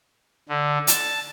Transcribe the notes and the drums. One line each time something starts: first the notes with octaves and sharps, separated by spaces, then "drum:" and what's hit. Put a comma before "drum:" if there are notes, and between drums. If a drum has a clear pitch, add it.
D3
A5, drum: hi-hat